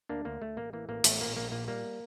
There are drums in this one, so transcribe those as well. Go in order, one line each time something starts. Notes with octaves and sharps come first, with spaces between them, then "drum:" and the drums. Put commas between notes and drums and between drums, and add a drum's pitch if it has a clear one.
D2 A#3 D4
D2 A#3
D2 A3
A1 A#3
E3 A#3
A1 A#3
A1 A3, drum: hi-hat
A#2 A#3
A#1 A#3
A#2 A#3
G3 A#3